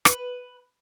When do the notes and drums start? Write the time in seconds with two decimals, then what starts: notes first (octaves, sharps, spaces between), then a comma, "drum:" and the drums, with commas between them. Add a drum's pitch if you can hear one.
0.05 B4, drum: rim click